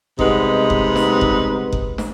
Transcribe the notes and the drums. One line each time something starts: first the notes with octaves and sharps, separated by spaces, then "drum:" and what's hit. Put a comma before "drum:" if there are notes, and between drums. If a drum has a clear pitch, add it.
C3 G3 G#3 B3 D#4 B4, drum: kick F#1
drum: kick F#1
drum: snare
drum: kick F#1
drum: kick F#1
drum: snare